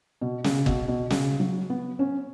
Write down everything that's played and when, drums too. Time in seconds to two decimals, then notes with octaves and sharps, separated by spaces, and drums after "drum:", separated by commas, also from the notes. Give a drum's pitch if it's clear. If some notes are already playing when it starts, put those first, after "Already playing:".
0.21 B2
0.44 C#3, drum: snare
0.66 B2, drum: kick
0.88 B2
1.10 C#3, drum: snare
1.40 F#3
1.70 B3
1.99 C#4